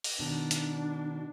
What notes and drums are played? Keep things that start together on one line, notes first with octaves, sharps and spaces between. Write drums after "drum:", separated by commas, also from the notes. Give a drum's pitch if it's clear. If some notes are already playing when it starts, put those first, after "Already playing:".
drum: open hi-hat
B2 D#3 D4
drum: hi-hat